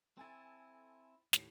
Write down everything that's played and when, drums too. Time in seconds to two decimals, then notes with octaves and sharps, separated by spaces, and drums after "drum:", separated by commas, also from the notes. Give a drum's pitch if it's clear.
0.17 C4 E4 A4 G#5 A6
1.33 D#2 A2, drum: snare